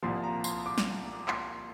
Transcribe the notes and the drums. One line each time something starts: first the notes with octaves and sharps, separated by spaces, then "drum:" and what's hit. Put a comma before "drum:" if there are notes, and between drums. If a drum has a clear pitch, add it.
C2 A#2 F3 C6
A#5
C6, drum: tambourine
D6
drum: snare
C6, drum: clap